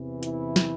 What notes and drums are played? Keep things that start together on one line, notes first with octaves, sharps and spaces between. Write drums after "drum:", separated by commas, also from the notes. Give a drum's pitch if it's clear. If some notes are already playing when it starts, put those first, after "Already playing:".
Already playing: E2 C3 E3
E4, drum: hi-hat
drum: snare